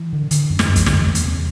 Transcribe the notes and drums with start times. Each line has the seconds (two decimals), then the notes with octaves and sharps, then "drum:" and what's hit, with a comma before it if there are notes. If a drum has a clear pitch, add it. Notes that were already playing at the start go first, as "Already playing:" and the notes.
Already playing: E3
0.13 D3
0.31 D3, drum: hi-hat
0.50 F#2
0.59 drum: snare
0.69 F#2
0.76 E3, drum: kick, hi-hat
0.86 E2 D3, drum: snare
1.05 E2
1.15 drum: hi-hat
1.24 C3